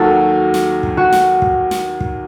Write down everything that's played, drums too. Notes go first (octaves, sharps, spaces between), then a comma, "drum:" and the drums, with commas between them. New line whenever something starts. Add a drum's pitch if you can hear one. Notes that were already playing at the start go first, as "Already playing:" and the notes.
Already playing: D#2 D#3 F#3 F#4 A4
drum: snare
drum: kick
F#4
drum: snare
drum: kick
drum: snare
drum: kick